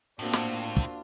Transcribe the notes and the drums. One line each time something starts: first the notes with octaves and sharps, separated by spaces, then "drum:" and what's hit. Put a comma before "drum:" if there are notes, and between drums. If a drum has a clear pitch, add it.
A2 A#3 C4 D4 F4 F#4
drum: snare
drum: kick